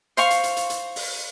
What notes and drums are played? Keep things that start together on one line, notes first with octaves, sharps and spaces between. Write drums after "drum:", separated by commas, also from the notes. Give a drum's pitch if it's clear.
C5 F5 C#6, drum: hi-hat
drum: hi-hat
drum: hi-hat
drum: hi-hat
drum: hi-hat
drum: open hi-hat